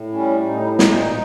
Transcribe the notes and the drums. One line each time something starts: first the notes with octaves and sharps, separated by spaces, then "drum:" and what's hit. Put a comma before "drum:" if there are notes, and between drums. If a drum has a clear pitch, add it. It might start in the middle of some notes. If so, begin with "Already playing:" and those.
Already playing: A2
G3 C#4
A2 D#4
A#2 D#4, drum: snare